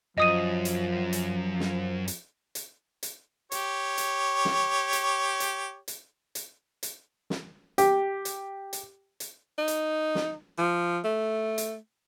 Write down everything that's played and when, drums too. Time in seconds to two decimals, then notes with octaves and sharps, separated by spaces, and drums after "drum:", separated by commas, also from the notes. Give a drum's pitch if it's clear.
0.18 F#2 F3 D#5 D#6 D#7
0.65 drum: hi-hat
1.13 drum: hi-hat
1.60 drum: snare
2.08 drum: hi-hat
2.55 drum: hi-hat
3.03 drum: hi-hat
3.52 G4 C#5, drum: hi-hat
3.98 drum: hi-hat
4.45 drum: snare
4.93 drum: hi-hat
5.40 drum: hi-hat
5.88 drum: hi-hat
6.35 drum: hi-hat
6.83 drum: hi-hat
7.30 drum: snare
7.78 G4, drum: hi-hat
8.25 drum: hi-hat
8.73 drum: hi-hat
9.20 drum: hi-hat
9.58 D#4
9.68 drum: hi-hat
10.15 drum: snare
10.58 F3
11.05 A3
11.58 drum: hi-hat